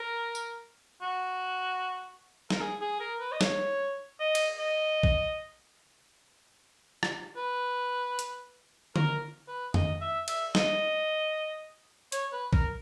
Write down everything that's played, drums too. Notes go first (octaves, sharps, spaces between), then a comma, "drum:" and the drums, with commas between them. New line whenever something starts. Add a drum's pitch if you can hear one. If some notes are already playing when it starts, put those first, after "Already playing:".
Already playing: A#4
drum: tambourine
F#4
A#4, drum: snare
G#4
G#4
A#4
B4
D#5
C#5, drum: snare
D#5
drum: cymbal
D#5
drum: kick A#1
drum: rim click
B4
drum: hi-hat
A#4, drum: tom D3
B4
D#5, drum: tom F2
E5
E5, drum: cymbal
D#5, drum: snare
C#5, drum: hi-hat
B4
A#4, drum: kick A#1